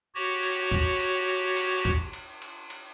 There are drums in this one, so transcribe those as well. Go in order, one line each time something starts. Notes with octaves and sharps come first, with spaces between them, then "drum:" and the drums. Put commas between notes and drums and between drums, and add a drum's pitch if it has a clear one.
F#4 G4 C#5
drum: cymbal
drum: kick, cymbal
drum: cymbal
drum: cymbal
drum: cymbal
drum: kick, cymbal
drum: cymbal
drum: cymbal
drum: cymbal